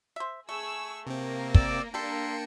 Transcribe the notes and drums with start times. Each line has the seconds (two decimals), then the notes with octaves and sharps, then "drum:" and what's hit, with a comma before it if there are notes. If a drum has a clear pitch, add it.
0.16 C5 E5
0.49 A3 G#4 C#6 E6
1.07 C3 A#3 C4
1.54 D5 D6 E6, drum: kick
1.94 G3 A#3 D4 A4 G5 A5 C6 C#7